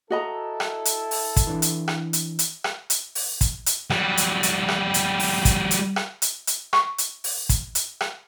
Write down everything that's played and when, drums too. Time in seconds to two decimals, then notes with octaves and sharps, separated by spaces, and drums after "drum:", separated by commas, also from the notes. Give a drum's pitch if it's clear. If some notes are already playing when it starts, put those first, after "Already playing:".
0.10 E4 F#4 A4 D#5 A#5
0.60 drum: rim click
0.85 drum: hi-hat
1.11 drum: open hi-hat
1.36 drum: kick, hi-hat
1.47 E3 D4
1.62 drum: hi-hat
1.88 drum: rim click
2.13 drum: hi-hat
2.39 drum: hi-hat
2.64 drum: rim click
2.90 drum: hi-hat
3.15 drum: open hi-hat
3.41 drum: kick, hi-hat
3.66 drum: hi-hat
3.90 F#3 G3, drum: rim click
4.17 drum: hi-hat
4.43 drum: hi-hat
4.68 drum: rim click
4.94 drum: hi-hat
5.20 drum: open hi-hat
5.45 drum: kick, hi-hat
5.71 drum: hi-hat
5.96 drum: rim click
6.22 drum: hi-hat
6.47 drum: hi-hat
6.73 C#6, drum: rim click
6.98 drum: hi-hat
7.24 drum: open hi-hat
7.49 drum: kick, hi-hat
7.75 drum: hi-hat
8.00 drum: rim click